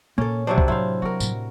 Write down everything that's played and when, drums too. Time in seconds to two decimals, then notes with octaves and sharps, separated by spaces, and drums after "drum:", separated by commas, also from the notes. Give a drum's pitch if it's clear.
0.18 A#2 A#3 C#4 A4
0.47 C3 F#3 D4 C5 D5
0.58 drum: kick C2
0.68 A2 F#3 G3 E4 C5 F5
1.02 D4 F#4 A#4
1.20 A2, drum: tambourine